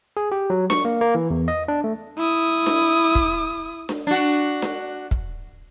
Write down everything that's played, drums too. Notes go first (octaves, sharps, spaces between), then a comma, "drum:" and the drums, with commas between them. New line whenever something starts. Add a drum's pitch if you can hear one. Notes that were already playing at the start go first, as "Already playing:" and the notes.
G#4
G4
F#3
C#6, drum: snare D4
A#3
A#3
E3
E2
D#5
D4
A3
E4 D#6
drum: snare D4
drum: kick
drum: snare D4
D4 F#4
drum: snare D4
drum: kick